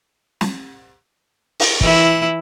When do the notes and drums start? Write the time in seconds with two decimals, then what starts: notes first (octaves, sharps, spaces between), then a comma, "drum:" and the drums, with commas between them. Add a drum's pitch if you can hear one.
0.41 drum: snare
1.60 drum: open hi-hat
1.81 E3 E4, drum: kick